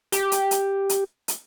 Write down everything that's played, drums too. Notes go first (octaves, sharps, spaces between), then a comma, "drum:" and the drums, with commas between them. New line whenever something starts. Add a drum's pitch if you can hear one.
G4, drum: hi-hat
drum: hi-hat
drum: hi-hat
drum: hi-hat
drum: hi-hat